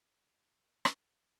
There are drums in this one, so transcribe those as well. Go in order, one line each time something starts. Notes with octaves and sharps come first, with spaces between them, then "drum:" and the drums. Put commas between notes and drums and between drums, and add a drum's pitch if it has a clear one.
D3 G3 C4 G4 A#4
drum: rim click